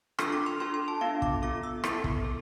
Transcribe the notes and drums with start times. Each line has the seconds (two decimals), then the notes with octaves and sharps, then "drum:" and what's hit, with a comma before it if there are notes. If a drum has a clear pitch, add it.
0.19 D4 F4 A4 F6, drum: rim click
0.32 D6
0.46 C6
0.60 D4 F4 A4 C6
0.74 C6
0.88 A5
1.01 B3 D4 F4 F5
1.22 D6, drum: kick
1.42 B3 F4 A4 D6
1.63 E6
1.84 B3 E4 A4, drum: rim click
2.04 drum: kick
2.25 A4